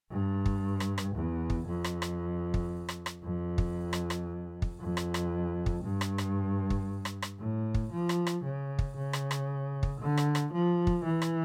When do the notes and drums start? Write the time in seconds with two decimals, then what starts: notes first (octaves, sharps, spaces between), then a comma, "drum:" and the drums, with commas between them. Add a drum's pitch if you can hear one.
0.11 G2
0.46 drum: kick
0.80 drum: rim click
0.98 drum: rim click
1.15 E2
1.50 drum: kick
1.67 F2
1.84 drum: rim click
2.02 drum: rim click
2.54 drum: kick
2.89 drum: rim click
3.06 drum: rim click
3.23 F2
3.58 drum: kick
3.93 drum: rim click
4.10 drum: rim click
4.62 drum: kick
4.80 F2
4.97 drum: rim click
5.14 drum: rim click
5.66 drum: kick
5.83 G2
6.01 drum: rim click
6.18 drum: rim click
6.70 drum: kick
7.05 drum: rim click
7.22 drum: rim click
7.40 A2
7.74 drum: kick
7.92 F3
8.09 drum: rim click
8.27 drum: rim click
8.44 C#3
8.79 drum: kick
8.96 C#3
9.13 drum: rim click
9.31 drum: rim click
9.83 drum: kick
10.00 D3
10.17 drum: rim click
10.35 drum: rim click
10.52 F3
10.87 drum: kick
11.04 E3
11.22 drum: rim click